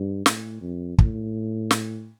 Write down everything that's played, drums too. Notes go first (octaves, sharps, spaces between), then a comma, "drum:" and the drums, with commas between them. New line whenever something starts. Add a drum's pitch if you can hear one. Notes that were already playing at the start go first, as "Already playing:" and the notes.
Already playing: G2
A2, drum: snare
F2
A2, drum: kick
drum: snare